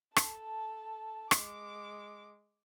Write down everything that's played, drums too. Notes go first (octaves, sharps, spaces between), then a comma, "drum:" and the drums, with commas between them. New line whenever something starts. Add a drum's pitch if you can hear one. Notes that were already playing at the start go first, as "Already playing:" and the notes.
A4 A5, drum: rim click
G#3 D6, drum: rim click